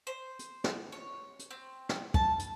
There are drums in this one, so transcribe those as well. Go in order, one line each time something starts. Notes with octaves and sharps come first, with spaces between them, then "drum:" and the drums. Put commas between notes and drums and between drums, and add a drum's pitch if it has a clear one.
C5
drum: hi-hat
drum: snare
C#5
drum: hi-hat
C4
drum: snare
A5, drum: kick
drum: hi-hat